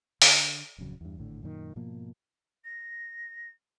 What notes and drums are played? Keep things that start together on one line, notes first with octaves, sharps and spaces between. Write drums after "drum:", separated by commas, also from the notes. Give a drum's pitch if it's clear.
D3, drum: open hi-hat
D1 F2 C#3 F#3
E2 G2
G#1 A2 D3
F#2 A#2 D#3
G#2 B2 F3 A#3
A#6